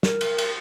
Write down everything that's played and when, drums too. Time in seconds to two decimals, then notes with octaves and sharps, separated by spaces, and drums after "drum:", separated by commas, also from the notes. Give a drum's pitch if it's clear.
0.03 A#4, drum: snare
0.21 drum: cymbal
0.38 drum: cymbal